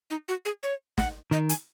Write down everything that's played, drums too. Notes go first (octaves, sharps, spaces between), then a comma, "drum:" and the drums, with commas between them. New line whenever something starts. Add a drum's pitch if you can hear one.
D#4
F#4
G#4
C#5
F#5, drum: snare
D#3 D#5
G#5, drum: hi-hat